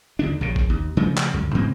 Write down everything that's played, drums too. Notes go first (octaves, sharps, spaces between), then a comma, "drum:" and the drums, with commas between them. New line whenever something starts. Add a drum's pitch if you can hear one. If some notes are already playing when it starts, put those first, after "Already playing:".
D#2 D3 D4
A#1 A#2 C#3
drum: kick G#1
D#2
C#3 F3 A3
drum: clap
C#2 F#2 D3
G#2 C#3 A#3 C4